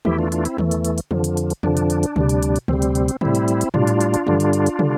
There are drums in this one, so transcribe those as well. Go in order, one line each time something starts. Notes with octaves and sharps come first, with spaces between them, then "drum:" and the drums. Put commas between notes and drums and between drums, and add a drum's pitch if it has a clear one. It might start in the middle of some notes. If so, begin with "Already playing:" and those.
E2 E3 A3 E4 G4, drum: tom
D4 F4
D4 F4, drum: hi-hat
C4 E4, drum: hi-hat
E2 E3 A3, drum: tom
drum: hi-hat
drum: hi-hat
drum: hi-hat
F2 D3 F3, drum: tom
drum: hi-hat
drum: hi-hat
drum: hi-hat
F2 D3 F3 D4, drum: tom
drum: hi-hat
drum: hi-hat
drum: hi-hat
D2 C3 G3, drum: tom
drum: hi-hat
drum: hi-hat
drum: hi-hat
D2 C3 G3 C4, drum: tom
drum: hi-hat
drum: hi-hat
drum: hi-hat
A2 G3 C4 E4, drum: tom
drum: hi-hat
drum: hi-hat
drum: hi-hat
A2 G3 D4 F4, drum: tom
drum: hi-hat
drum: hi-hat
drum: hi-hat
G2 D3 G3, drum: tom
drum: hi-hat
drum: hi-hat
drum: hi-hat
D3 G3, drum: tom